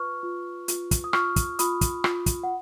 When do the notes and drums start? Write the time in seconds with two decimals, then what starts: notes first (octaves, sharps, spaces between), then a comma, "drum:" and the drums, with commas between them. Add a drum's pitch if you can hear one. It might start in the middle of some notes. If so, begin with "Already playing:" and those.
Already playing: F4 B4 C#6 F6
0.23 F4
0.68 F4, drum: hi-hat
0.91 drum: kick, hi-hat
1.04 D#6
1.13 F4 C#6 F6, drum: rim click
1.36 drum: kick, hi-hat
1.59 F4 B5 D#6, drum: hi-hat
1.81 drum: kick, hi-hat
2.04 F4, drum: rim click
2.26 drum: kick, hi-hat
2.43 F#5